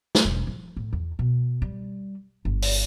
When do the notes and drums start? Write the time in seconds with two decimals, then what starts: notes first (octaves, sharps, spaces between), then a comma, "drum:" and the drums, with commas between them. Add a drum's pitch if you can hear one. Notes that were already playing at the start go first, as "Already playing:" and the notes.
0.15 drum: snare
0.25 E1
0.47 F3
0.77 A2
0.93 E2
1.19 B2
1.62 G3
2.45 G1
2.62 drum: open hi-hat